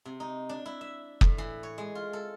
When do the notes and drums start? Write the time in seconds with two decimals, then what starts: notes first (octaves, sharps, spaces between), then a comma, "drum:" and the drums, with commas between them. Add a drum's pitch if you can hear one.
0.05 C3
0.20 D#4
0.49 D4
0.66 E4
0.81 E5
1.21 A2, drum: kick
1.38 E3
1.63 C#5
1.78 G#3
1.95 F4
2.13 A4